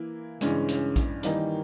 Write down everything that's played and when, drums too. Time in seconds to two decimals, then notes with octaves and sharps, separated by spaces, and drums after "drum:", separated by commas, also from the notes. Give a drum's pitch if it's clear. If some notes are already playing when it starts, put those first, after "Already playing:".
Already playing: E3 A#3 E4
0.41 G2 C#3 E3 G#3 C#4, drum: hi-hat
0.69 drum: hi-hat
0.96 drum: kick A#1, hi-hat
1.23 D#3 E3 G3 A#3 D#4, drum: hi-hat